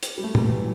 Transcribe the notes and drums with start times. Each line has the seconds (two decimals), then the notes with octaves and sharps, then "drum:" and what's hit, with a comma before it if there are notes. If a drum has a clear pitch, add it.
0.03 drum: hi-hat
0.18 G3
0.24 A3
0.35 G3, drum: tom
0.46 E3
0.57 F#3